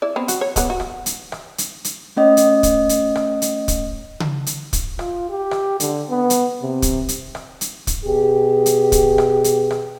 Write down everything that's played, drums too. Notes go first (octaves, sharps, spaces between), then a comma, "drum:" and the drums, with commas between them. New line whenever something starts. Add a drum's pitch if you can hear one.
E4 D5
B3 C4
F#4, drum: hi-hat
C#5
G3 B3, drum: kick, hi-hat
F#4
drum: rim click
drum: hi-hat
drum: rim click
drum: hi-hat
drum: hi-hat
A3 C#4 D#5
drum: hi-hat
drum: kick, hi-hat
drum: hi-hat
drum: rim click
drum: hi-hat
drum: kick, hi-hat
drum: tom C#3
drum: hi-hat
drum: kick, hi-hat
F4, drum: rim click
G4
drum: rim click
D3, drum: hi-hat
B3
drum: hi-hat
C3
drum: kick, hi-hat
drum: hi-hat
drum: rim click
drum: hi-hat
drum: kick, hi-hat
B2 G4 G#4
drum: hi-hat
drum: kick, hi-hat
drum: rim click
drum: hi-hat
drum: rim click